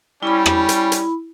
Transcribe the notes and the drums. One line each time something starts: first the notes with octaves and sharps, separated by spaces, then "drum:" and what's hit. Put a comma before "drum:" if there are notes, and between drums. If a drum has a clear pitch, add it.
G3 C#4 E4 B5
drum: rim click
drum: hi-hat
drum: hi-hat